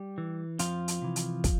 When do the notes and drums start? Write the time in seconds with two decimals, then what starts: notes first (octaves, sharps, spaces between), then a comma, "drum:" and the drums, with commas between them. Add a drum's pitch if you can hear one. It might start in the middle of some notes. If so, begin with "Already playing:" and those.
Already playing: G3 G4
0.18 E3
0.59 F2 F3 F4, drum: hi-hat
0.88 drum: hi-hat
1.02 C3 E3
1.16 drum: hi-hat
1.44 drum: kick, hi-hat